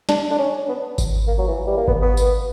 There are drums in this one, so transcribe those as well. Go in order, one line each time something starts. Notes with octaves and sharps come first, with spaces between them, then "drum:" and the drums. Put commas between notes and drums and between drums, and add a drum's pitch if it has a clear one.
D4, drum: snare
D4
C#4
B3
drum: kick G#1, tambourine
A#3
F#3
E3
G3
A#3
B3, drum: kick G#1
B3
drum: tambourine